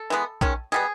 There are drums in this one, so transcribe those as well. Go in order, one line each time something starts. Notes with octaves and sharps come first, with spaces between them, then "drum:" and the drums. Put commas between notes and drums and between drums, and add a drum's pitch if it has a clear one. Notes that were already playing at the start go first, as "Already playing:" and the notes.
Already playing: A4
E3 G#3 B3
D#3 G#3 C#4, drum: kick
B2 G3 B3 G#4